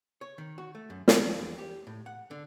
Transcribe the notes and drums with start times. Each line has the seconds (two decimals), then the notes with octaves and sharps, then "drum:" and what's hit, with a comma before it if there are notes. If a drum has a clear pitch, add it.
0.21 C#5
0.38 D#3
0.58 F#4
0.75 A3
0.90 F#2
1.08 F2, drum: snare
1.22 F3
1.39 E2
1.58 G4
1.87 A2
2.06 F#5
2.31 D3